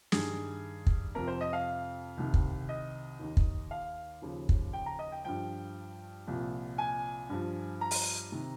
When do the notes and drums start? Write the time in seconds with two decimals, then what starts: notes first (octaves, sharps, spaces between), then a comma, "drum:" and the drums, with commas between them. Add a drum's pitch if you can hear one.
0.12 G2 D#3 G#4, drum: snare
0.87 drum: kick
1.15 F2 C3 F3 A#4
1.27 C5
1.41 D#5
1.53 F5
2.17 C2 C3 D#3
2.34 drum: kick
2.69 D#5
3.19 D#2 D#3
3.37 drum: kick
3.71 F5
4.22 D#2 C#3 F3
4.49 drum: kick
4.73 G5
4.86 A#5
4.99 D#5
5.12 G5
5.25 G2 F3 G5
6.27 C2 A#2 F3
6.78 G#5
7.30 G2 F3
7.81 A#5
7.91 drum: open hi-hat
8.32 C3 D#3